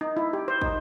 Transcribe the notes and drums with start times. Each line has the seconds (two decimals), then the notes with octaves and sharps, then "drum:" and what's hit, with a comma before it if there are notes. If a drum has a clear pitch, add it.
0.01 D#4
0.17 E4
0.33 G4
0.48 C5
0.61 D#4, drum: kick